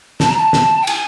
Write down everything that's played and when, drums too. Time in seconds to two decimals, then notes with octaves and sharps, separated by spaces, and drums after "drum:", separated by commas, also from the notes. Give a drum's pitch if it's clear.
0.20 A5, drum: snare
0.28 A#5
0.37 A5
0.53 drum: snare
0.82 G5
0.87 G#5, drum: cymbal